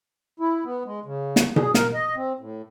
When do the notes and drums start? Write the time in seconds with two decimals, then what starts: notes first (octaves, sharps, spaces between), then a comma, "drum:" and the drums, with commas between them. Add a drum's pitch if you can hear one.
0.40 E4
0.64 B3
0.86 G#3
1.05 C#3
1.36 drum: snare
1.56 G#4, drum: tom B2
1.74 A#4, drum: snare
1.94 D#5
2.16 C4
2.39 A2